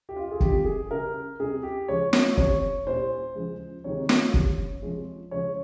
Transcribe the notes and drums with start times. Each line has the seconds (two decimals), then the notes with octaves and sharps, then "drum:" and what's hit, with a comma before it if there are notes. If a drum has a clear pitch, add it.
0.09 G4
0.17 F4
0.31 G#4
0.40 C3 G3 G4, drum: kick
0.65 G#4
0.91 C#3 G3 A#4
1.40 C3 G3 G#4
1.63 G4
1.88 C#3 F3 G#3 C#5
2.13 drum: snare
2.37 C3 G3 C#5, drum: kick
2.87 A#2 G3 C5
3.35 C#3 F3 G#3
3.84 C3 D#3 G#3 C#5
4.09 drum: snare
4.34 C#3 G3, drum: kick
4.83 C3 F3 G#3
5.31 C#3 F3 G#3 C#5